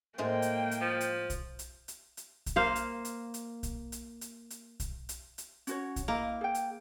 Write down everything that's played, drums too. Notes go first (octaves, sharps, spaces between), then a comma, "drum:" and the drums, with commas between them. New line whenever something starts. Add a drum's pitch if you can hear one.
A2 G#3 A#3 C5 G5
drum: hi-hat
drum: hi-hat
F3
drum: hi-hat
drum: kick, hi-hat
drum: hi-hat
drum: hi-hat
drum: hi-hat
drum: kick, hi-hat
A#3 C5 F5
drum: hi-hat
drum: hi-hat
drum: hi-hat
drum: kick, hi-hat
drum: hi-hat
drum: hi-hat
drum: hi-hat
drum: kick, hi-hat
drum: hi-hat
drum: hi-hat
C#4 F#4 C#5, drum: hi-hat
drum: kick, hi-hat
A#3 E4 D#5
G#4 G5
drum: hi-hat